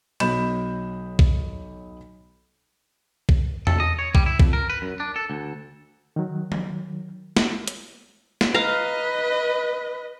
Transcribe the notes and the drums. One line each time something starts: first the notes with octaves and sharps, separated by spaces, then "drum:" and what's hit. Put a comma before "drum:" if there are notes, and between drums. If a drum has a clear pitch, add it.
B1 F#3 D#5 B5 G6 E7, drum: cymbal
drum: kick
drum: kick
A4, drum: tom E2
D#5
C#5
G3, drum: kick
E4
F2, drum: kick
A#4
B4
F#2
D4
A4
D2
D#3 F#3
drum: tom F3
drum: snare
drum: hi-hat
drum: snare
B4 D#5 F5 A#5